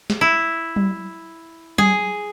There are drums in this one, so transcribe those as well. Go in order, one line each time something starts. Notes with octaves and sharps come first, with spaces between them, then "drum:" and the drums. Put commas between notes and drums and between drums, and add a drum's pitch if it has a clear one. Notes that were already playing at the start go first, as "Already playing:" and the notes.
drum: snare
E4
drum: tom F#3
G#4, drum: tom F#3